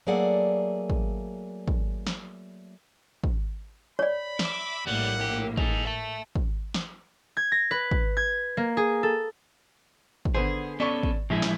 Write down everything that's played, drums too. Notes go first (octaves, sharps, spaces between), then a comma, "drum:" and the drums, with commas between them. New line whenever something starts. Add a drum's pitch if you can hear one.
F#3 A3 A#3 G#4 D5 F#5
drum: kick
drum: kick
drum: snare
drum: kick
C#5 D5 B5
E5 D6, drum: snare
A#1 A2 G3 A#3 F#5
G4
D#4 G#4 A4, drum: kick
E5 A5
drum: kick
drum: snare
G#6
A#6
B4
drum: kick
G#6
A#3
G#4
A4
drum: kick
D3 B3 G#4 C5
B3 C#4 A4 D5 C#6
drum: kick
A#1 F3 G#3 E4
drum: snare